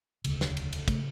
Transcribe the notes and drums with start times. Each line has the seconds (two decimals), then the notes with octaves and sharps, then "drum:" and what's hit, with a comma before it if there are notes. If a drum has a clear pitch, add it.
0.24 E1 D2 C#3, drum: cymbal
0.41 D4, drum: snare
0.57 drum: cymbal
0.73 drum: cymbal
0.88 C#3 A3, drum: kick, cymbal